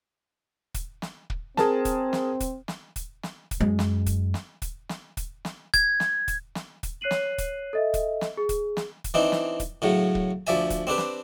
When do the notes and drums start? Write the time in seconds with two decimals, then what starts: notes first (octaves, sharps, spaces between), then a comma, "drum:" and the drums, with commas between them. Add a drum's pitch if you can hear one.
0.74 drum: kick, hi-hat
1.02 drum: snare
1.30 drum: kick
1.57 C4 G#4 A#4 A5, drum: snare
1.85 drum: kick, hi-hat
2.13 drum: snare
2.40 drum: kick, hi-hat
2.68 drum: snare
2.96 drum: kick, hi-hat
3.23 drum: snare
3.51 drum: kick, hi-hat
3.61 F#2 G#3
3.79 drum: snare
4.06 drum: kick, hi-hat
4.34 drum: snare
4.62 drum: kick, hi-hat
4.89 drum: snare
5.17 drum: kick, hi-hat
5.45 drum: snare
5.74 G#6, drum: kick, hi-hat
6.00 drum: snare
6.28 drum: kick, hi-hat
6.55 drum: snare
6.83 drum: kick, hi-hat
7.01 C#5 F#6 C7 D#7 F#7
7.11 drum: snare
7.38 drum: kick, hi-hat
7.73 A4 D#5 E5
7.94 drum: kick, hi-hat
8.21 drum: snare
8.37 G#4
8.49 drum: kick, hi-hat
8.77 drum: snare
9.04 drum: kick, hi-hat
9.14 E3 C4 D4 D#4
9.32 drum: snare
9.60 drum: kick, hi-hat
9.82 A2 C#3 F#3
10.15 drum: kick
10.47 D2 F3 D5 E5 G#5
10.70 drum: kick, hi-hat
10.87 C4 D4 G4 B4
10.98 drum: snare